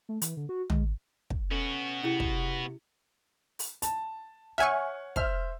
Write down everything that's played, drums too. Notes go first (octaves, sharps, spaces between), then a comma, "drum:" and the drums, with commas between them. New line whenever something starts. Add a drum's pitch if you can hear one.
A3
E3, drum: hi-hat
D3
F#4
G#3, drum: tom
drum: kick
B3 C#4 F#4 A4
C3 C#4 E4 G#4
drum: kick
drum: open hi-hat
A5, drum: hi-hat
C#5 E5 F#5 G#5 C#6 F6
C5 E5 F6, drum: kick